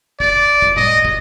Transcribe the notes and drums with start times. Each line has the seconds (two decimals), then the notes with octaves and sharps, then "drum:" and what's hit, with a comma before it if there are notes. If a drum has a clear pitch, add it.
0.20 D5, drum: kick
0.62 drum: kick
0.77 D#5, drum: tom A2
1.05 drum: kick